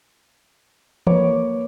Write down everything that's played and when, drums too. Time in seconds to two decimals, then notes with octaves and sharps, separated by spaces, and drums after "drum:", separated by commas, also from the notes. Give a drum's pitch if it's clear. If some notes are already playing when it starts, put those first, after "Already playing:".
1.07 A#3 B4 C#5 D6, drum: tom E3